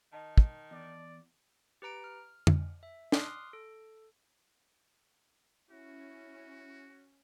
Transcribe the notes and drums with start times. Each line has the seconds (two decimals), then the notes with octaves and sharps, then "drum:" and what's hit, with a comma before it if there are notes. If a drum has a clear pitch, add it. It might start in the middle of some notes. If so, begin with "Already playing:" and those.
0.13 D#3 D#5 A5
0.38 drum: kick
0.71 E2 D5
1.82 G4 B4 A#5 D7
2.04 F6
2.47 drum: tom F2
2.83 E5
3.12 C6 D6 D#6 F6 F#6 C7, drum: snare
3.53 A4
5.71 C#4 E4 F#4